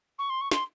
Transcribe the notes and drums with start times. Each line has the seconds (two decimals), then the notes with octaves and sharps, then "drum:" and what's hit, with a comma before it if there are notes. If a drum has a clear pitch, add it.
0.18 C#6
0.29 C6
0.41 C#6
0.51 C6, drum: snare